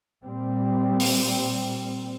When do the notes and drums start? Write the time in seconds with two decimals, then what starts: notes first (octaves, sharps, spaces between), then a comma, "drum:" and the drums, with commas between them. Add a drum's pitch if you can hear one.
0.24 A#2 G3 C4
1.00 drum: open hi-hat